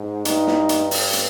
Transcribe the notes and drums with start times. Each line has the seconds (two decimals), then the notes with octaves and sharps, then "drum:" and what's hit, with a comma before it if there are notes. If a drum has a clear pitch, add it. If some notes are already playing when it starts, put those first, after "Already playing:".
Already playing: G#2
0.25 G2 D#4, drum: hi-hat
0.47 drum: snare
0.69 drum: hi-hat
0.91 drum: open hi-hat
1.13 drum: hi-hat